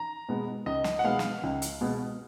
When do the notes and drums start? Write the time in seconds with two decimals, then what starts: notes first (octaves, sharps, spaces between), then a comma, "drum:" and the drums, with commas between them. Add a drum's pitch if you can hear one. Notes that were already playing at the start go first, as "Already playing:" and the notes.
Already playing: A#5
0.29 B2 G#3 B3
0.66 C#2 D#5
0.84 drum: snare
0.99 F#5
1.04 B2 G#3 B3 F5
1.19 drum: snare
1.43 C#2
1.62 drum: hi-hat
1.81 B2 G#3 B3